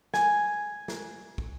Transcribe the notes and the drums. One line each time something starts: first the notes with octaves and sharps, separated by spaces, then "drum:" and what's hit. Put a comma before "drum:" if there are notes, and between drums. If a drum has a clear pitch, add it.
G#5, drum: snare
drum: snare
drum: kick